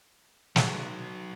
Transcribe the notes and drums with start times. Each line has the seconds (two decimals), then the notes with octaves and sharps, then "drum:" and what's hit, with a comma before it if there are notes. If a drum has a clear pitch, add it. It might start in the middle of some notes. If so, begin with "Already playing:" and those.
0.56 F#3 B3, drum: snare